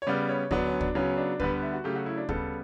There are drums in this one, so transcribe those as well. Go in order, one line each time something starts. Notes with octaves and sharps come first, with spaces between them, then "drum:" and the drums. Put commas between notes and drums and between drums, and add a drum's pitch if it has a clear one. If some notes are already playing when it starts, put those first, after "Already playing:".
C#5
C#3 G3 B3 D5
C#5
D3 F#3 B3 D4, drum: kick
C#4
D4, drum: kick
C#3 F#3 B3 C#4
D4
D3 G3 B3 B4, drum: kick
E5
F#4
C#3 F#3 A3 G4
F#4
E4
D4
C#3 G3 B3 A4, drum: kick